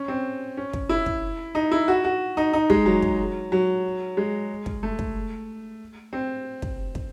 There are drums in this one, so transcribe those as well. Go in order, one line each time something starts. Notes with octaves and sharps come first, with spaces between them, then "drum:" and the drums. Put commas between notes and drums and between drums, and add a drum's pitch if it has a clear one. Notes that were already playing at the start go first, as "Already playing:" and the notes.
Already playing: C#4
C4
C#4
drum: kick
E4
drum: kick
D#4
E4
F#4
F#4
D#4
D#4
G#3, drum: kick
F#3
drum: kick
F#3
G#3
drum: kick
A3
drum: kick
C4
drum: kick
drum: kick